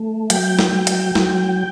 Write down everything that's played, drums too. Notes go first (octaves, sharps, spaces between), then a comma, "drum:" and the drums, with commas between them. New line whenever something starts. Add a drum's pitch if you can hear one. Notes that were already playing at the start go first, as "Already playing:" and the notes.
Already playing: A3
F#3 G5, drum: hi-hat
drum: snare
F#3
drum: hi-hat
F#3, drum: snare